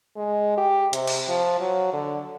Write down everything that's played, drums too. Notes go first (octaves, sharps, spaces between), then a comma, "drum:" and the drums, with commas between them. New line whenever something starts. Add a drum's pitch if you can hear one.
G#3
G4
C3, drum: hi-hat
drum: cymbal
F3
F#3
D3